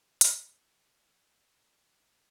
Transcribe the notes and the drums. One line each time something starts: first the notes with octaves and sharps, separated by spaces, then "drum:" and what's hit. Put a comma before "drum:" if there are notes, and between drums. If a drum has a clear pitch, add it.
D#5 C#7, drum: hi-hat